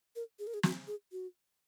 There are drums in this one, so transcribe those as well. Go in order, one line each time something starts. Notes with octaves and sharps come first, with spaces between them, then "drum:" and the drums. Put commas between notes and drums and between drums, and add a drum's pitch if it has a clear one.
A#4
G#4
A#4
G#4
F#4, drum: snare
G#4
F#4